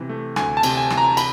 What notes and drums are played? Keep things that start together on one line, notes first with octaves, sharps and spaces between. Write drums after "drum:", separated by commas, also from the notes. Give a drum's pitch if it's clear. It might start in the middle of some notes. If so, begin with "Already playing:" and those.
Already playing: C3 E3
A3
D2 G#5, drum: rim click
A5
C3, drum: cymbal
G#5
E3, drum: rim click
A#5
B5, drum: cymbal